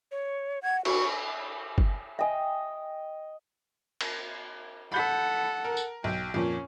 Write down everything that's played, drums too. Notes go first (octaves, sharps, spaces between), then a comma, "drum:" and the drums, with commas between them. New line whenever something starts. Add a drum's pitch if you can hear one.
C#5
F#5 G#6
F#4 C#6, drum: cymbal
drum: kick G1
D#5 E5 G5 G#5
drum: cymbal
A4 F#5 B5 G6 B6
A#4
drum: tambourine
B1 G5
F2 A#2 C#4